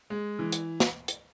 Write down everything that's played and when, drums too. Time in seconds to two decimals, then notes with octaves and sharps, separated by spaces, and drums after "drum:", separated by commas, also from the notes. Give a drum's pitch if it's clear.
0.10 G#3
0.39 E3
0.52 drum: hi-hat
0.80 drum: snare
1.08 drum: hi-hat